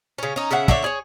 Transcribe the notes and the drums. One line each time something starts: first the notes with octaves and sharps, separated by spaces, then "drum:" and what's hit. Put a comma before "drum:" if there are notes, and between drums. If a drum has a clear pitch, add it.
C#3 C#4
C#4 D#4
C#3 C#4 E5 F#5
D3 D4 C#5 E5, drum: kick
G#4 C#5